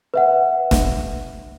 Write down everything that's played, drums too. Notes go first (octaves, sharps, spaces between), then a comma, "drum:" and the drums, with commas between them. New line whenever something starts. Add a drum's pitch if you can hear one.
B4 E5 F#5
drum: snare E1